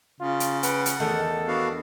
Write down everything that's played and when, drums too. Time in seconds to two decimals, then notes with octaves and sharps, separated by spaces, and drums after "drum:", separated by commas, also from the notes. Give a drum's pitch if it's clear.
0.20 C#3 F4
0.40 drum: hi-hat
0.63 B4 F#5 G5, drum: hi-hat
0.86 drum: hi-hat
1.00 E2 D#3 A3 A4
1.48 B3 D4 F#4 F5